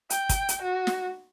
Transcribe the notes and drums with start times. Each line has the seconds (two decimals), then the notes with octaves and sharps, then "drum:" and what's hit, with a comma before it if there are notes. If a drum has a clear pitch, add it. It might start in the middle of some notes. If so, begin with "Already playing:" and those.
0.10 G5, drum: hi-hat
0.29 drum: kick, hi-hat
0.49 drum: hi-hat
0.62 F#4
0.87 drum: snare